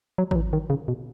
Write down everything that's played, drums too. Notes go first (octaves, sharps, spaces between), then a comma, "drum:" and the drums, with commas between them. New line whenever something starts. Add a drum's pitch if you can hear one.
F#3
F#3, drum: kick G#1
E3
D#3
C#3
B2